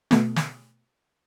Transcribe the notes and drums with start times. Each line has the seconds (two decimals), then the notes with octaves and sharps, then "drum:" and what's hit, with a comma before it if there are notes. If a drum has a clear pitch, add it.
0.11 B2 A3 B3, drum: snare
0.36 drum: snare